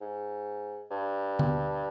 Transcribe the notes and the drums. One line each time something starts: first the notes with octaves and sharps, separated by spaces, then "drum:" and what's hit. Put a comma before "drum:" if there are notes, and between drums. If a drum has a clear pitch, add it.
G#2
G2
drum: tom D3